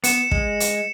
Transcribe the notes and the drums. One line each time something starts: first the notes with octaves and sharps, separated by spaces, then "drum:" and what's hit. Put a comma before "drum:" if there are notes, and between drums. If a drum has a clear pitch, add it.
B3 C#7 E7, drum: hi-hat
G#3, drum: kick
drum: hi-hat